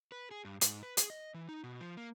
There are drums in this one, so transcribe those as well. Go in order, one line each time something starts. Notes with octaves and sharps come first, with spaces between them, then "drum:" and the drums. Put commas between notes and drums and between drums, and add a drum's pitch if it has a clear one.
B4
G#4
G2
G#2, drum: hi-hat
B4
G#4, drum: hi-hat
D#5
E3
D#4
B2
F3
A#3